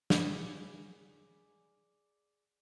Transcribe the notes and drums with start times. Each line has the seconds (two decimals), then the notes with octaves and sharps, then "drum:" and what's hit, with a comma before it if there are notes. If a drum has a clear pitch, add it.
0.10 G#4 D5 B5, drum: snare